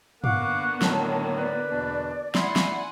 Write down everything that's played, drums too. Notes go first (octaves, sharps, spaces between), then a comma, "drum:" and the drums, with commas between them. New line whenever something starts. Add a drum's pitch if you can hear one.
D3 A#3 B3 F5 F#5 C#6 D6 F#6, drum: tom
A2 D#3 F#3 A5, drum: snare
B4 D5
E2 B2 D4
E4 F#5 G#5 C6, drum: snare
drum: snare